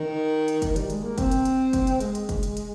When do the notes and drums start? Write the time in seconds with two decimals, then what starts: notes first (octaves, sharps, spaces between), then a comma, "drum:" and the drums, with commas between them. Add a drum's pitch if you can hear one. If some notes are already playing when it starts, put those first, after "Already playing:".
Already playing: D#3
0.48 drum: hi-hat
0.62 drum: kick, hi-hat
0.76 G3, drum: hi-hat
0.90 G#3, drum: hi-hat
1.04 A#3
1.18 C4, drum: kick, hi-hat
1.31 drum: hi-hat
1.45 drum: hi-hat
1.73 drum: kick, hi-hat
1.87 drum: hi-hat
2.01 G#3, drum: hi-hat
2.15 drum: hi-hat
2.29 drum: kick, hi-hat
2.43 drum: hi-hat
2.57 drum: hi-hat